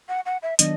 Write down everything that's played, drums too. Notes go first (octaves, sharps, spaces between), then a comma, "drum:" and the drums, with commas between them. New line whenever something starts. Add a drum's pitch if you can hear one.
F#5
F#5
E5
D#3 F#3 B3 D4 D#5, drum: hi-hat